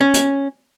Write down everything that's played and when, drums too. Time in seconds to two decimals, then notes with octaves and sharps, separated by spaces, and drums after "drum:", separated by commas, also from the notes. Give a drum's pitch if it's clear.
0.01 C#4
0.14 drum: hi-hat